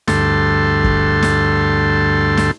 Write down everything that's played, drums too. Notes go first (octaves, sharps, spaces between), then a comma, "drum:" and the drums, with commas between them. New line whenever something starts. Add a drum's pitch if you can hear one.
D2 G2 A4 C6, drum: snare
drum: kick
drum: snare
drum: snare